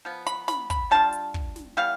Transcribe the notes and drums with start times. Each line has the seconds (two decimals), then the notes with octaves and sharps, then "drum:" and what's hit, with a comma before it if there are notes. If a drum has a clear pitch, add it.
0.05 F3 B3
0.27 B5, drum: hi-hat
0.48 B5, drum: snare
0.70 B5, drum: kick, hi-hat
0.91 G3 D4 F4 A5
1.13 drum: hi-hat
1.34 drum: kick
1.56 drum: snare
1.77 E3 G3 B3 F5